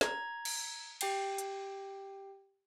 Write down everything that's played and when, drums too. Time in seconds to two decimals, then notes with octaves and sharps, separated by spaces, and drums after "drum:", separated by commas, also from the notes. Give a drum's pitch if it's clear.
0.01 A#5 G#6, drum: snare
0.45 drum: cymbal
1.01 G4 G5 C7, drum: cymbal
1.38 drum: hi-hat